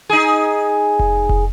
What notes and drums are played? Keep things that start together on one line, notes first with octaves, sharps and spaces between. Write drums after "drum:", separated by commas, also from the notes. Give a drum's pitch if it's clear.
D#4 G#4
drum: kick F1
drum: kick F1